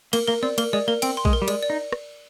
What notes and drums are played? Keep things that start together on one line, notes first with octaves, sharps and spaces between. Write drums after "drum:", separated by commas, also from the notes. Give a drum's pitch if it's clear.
A#3 A#4, drum: cymbal
A#3 A#4
C4 D5
A#3 A#4, drum: cymbal
G#3 D5
A#3 A#4
C4 G5, drum: cymbal
C6
G#3, drum: kick A#1
A#4
G3
G#3 D5, drum: cymbal
D5
D#4
drum: rim click